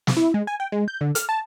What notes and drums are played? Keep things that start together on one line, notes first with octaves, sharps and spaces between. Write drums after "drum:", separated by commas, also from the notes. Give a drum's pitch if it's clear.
drum: snare
E4
G#3
G#5
G5
G#3
G6
D3
F6, drum: hi-hat
A5